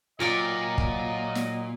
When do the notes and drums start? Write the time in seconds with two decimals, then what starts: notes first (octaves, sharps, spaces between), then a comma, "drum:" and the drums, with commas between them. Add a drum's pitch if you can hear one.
0.20 A#2 F#3 F4 A#4 D5 D#5 G5
0.78 drum: kick
1.35 drum: snare